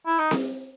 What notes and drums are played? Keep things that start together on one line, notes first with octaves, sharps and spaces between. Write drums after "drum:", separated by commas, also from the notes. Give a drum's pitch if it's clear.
E4
D#4
drum: snare C4